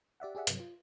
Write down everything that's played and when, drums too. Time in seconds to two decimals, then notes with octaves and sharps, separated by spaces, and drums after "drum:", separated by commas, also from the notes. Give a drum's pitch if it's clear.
0.20 G4 D5 E5 F#5
0.35 G4 G#4 D5 E5 F#5
0.47 G2 C3 F#3, drum: hi-hat
0.60 F4